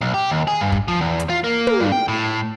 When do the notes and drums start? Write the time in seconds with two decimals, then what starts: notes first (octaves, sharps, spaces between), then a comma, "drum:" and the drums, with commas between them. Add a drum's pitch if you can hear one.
0.01 B1
0.14 G4
0.30 D#2
0.47 G#4
0.61 G2
0.72 drum: kick
0.88 F3
1.01 E2
1.20 drum: hi-hat
1.30 F4
1.44 A#3
1.67 drum: tom
1.80 G2
1.92 G5
2.08 A2